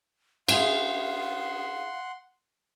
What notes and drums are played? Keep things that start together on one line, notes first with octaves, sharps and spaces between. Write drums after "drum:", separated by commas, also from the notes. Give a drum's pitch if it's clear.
E4 F4 G#4 F5 F#5 C6, drum: cymbal